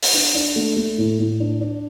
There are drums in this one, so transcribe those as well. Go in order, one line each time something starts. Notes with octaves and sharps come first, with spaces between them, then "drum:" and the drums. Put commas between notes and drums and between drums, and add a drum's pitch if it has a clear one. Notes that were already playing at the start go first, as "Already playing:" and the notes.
drum: open hi-hat
D4
D4
A3
A3
A2
A2
D4
D4